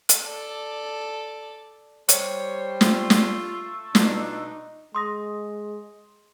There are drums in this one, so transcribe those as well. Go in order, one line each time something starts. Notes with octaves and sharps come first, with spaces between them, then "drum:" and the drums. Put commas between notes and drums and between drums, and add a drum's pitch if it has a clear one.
drum: hi-hat
A4 D5
G3 G4 C5 C#5, drum: hi-hat
A3 F4, drum: snare
drum: snare
B2 D4 D#4 F4, drum: snare
G#3 C6 D#6 A#6